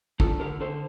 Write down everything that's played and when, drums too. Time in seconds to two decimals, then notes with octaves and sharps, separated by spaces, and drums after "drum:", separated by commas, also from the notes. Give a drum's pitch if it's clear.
0.20 D4 F4 A4, drum: kick
0.40 D3 G4 A#4
0.60 D3 A4 C5